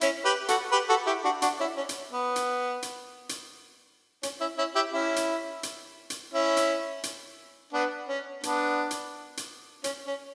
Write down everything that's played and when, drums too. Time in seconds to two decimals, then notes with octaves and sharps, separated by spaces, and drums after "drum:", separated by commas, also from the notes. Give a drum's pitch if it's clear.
0.01 C#4 E4, drum: hi-hat
0.25 G4 B4
0.48 F#4 A4, drum: hi-hat
0.71 G4 B4
0.89 F#4 A4
1.06 E4 G4
1.24 D4 F#4
1.42 D4 F#4, drum: hi-hat
1.60 C#4 E4
1.77 C#4
1.89 drum: hi-hat
2.13 B3
2.36 drum: hi-hat
2.82 drum: hi-hat
3.29 drum: hi-hat
4.23 C#4, drum: hi-hat
4.40 C#4 E4
4.58 C#4 E4
4.75 E4 G4
4.93 C#4 E4
5.16 drum: hi-hat
5.63 drum: hi-hat
6.10 drum: hi-hat
6.33 C#4 E4
6.57 drum: hi-hat
7.03 drum: hi-hat
7.73 B3 D4
8.09 C#4
8.43 B3 D4, drum: hi-hat
8.91 drum: hi-hat
9.37 drum: hi-hat
9.84 C#4, drum: hi-hat
10.07 C#4